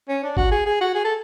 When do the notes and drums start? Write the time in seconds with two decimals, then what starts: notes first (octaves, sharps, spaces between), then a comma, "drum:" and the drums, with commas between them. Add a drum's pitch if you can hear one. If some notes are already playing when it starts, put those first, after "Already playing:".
0.09 C#4
0.23 D4
0.37 F#4, drum: kick G#1
0.51 G#4
0.66 G#4
0.81 F#4
0.94 G#4
1.04 A4